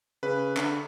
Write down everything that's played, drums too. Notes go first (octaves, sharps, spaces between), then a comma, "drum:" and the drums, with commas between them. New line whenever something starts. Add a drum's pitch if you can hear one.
C#3 B4
D3, drum: clap